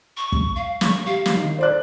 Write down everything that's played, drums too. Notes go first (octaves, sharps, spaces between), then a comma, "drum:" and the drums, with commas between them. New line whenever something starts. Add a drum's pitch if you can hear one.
C#6
drum: kick
F5
C#6, drum: snare
G3 F5
drum: snare
D#3
C5 D5 F#6